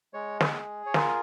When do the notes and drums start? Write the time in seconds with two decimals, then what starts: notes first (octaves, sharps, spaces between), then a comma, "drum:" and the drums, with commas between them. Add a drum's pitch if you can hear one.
0.14 G#3 C#5
0.41 drum: snare
0.54 G#4
0.86 C#5
0.94 F4 A#4, drum: snare